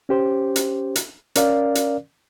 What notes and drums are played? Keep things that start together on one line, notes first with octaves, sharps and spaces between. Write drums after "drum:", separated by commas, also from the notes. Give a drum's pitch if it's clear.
C#4 G4 C5
drum: hi-hat
drum: hi-hat
C#4 A#4 D5 F5, drum: hi-hat
drum: hi-hat